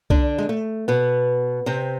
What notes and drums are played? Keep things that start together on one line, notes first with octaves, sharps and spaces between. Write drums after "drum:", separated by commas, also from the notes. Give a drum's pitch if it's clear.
D3 D4, drum: kick B1
G#3
A3
B2 B3
C3 C4